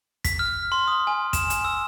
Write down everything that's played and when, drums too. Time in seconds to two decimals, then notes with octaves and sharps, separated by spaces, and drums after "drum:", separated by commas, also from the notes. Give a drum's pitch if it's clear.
0.25 B6, drum: kick, hi-hat
0.39 F6
0.72 C6
0.88 D#6
1.07 G#5
1.33 E7, drum: kick, hi-hat
1.50 drum: hi-hat
1.65 E6